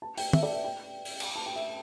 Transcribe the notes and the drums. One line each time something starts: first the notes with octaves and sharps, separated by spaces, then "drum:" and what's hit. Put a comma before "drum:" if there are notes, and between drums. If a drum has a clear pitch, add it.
A5
G5, drum: open hi-hat
E5, drum: tom
D5
E5
G5
drum: open hi-hat
drum: cymbal
A5
G5
E5